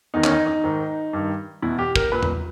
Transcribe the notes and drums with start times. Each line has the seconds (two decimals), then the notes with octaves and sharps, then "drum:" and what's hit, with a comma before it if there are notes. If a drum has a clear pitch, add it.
0.14 E2 D#3 D#4
0.24 C#4, drum: clap
0.31 D#4
0.47 D#4
0.64 G#2 D#3
1.13 G2 D#3
1.62 E2 B2 E4
1.79 G4
1.96 A#4, drum: kick
2.12 A#2 B4
2.23 drum: tom E2